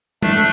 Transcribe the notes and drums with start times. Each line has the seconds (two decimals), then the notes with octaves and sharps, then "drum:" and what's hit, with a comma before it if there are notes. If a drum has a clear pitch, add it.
0.22 A3 D4, drum: tom G3
0.36 drum: tambourine